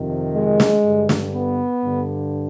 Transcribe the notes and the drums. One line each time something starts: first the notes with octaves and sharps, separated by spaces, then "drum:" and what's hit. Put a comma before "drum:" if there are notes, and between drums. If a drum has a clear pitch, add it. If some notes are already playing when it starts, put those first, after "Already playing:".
Already playing: F2 C3 D#3
G#3
drum: snare
G2 D3
drum: snare
B3
G2 D3